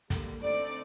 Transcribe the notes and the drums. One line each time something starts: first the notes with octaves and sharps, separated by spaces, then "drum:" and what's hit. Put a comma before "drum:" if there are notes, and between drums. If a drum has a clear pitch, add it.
D3 G3 A#3, drum: kick, hi-hat
D3 A3 C4 D#4 D5